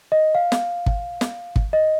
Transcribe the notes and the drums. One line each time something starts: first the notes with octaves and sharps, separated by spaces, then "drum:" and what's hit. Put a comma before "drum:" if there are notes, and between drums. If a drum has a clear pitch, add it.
D#5
F5
drum: snare
drum: kick
drum: snare
drum: kick
D#5